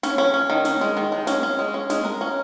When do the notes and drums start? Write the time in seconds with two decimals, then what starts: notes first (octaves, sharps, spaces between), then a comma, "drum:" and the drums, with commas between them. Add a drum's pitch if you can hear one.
0.03 C#4, drum: snare
0.18 C#4
0.34 C#4
0.50 D#3
0.65 C#4, drum: snare
0.81 G#3
0.97 D#3
1.12 G#3
1.27 C#4, drum: snare
1.43 C#4
1.59 G#3
1.74 C#4
1.90 G#3, drum: snare
2.05 A#4
2.21 C#4